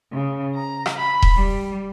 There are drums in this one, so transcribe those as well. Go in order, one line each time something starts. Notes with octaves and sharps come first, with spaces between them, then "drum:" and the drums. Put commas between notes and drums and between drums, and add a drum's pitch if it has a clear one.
C#3
A#5
drum: rim click
B5
drum: kick D#1
G3